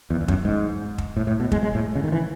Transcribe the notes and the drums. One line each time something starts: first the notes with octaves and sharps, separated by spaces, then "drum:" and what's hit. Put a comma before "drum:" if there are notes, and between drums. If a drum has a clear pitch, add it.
E2
E2
F#2, drum: kick
G#2
drum: kick
A2
A2
B2
G#3, drum: kick
G#3
A2
C#3
D#3
E3